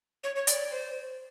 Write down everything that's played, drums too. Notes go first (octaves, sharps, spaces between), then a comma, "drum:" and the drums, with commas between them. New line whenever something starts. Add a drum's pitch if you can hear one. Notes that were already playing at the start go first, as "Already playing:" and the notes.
C#5
C#5
D5, drum: hi-hat
C5